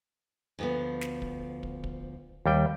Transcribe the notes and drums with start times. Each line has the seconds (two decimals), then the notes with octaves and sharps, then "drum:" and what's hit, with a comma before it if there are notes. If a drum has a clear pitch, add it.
0.59 D2 F3 B3
1.01 drum: snare
1.22 drum: kick
1.63 drum: kick
1.84 drum: kick
2.46 D#2 G3 G5